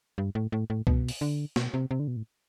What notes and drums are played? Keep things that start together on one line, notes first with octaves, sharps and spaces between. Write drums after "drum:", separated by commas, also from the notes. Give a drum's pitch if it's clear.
G2
A2
A2
A2
B2, drum: kick C2
drum: open hi-hat
D3
B2, drum: snare
C3
C3
D3
B2
A2